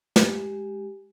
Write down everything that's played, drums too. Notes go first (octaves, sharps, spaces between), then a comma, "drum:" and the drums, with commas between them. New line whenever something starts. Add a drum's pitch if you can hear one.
G#3 G4, drum: snare